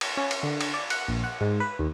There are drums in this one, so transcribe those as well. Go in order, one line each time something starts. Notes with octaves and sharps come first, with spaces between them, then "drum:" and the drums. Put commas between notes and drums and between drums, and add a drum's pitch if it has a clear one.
drum: cymbal
C#4
drum: cymbal
D3
drum: cymbal
D5
F#5, drum: cymbal
A#1
F#5
G#2
B4
D#2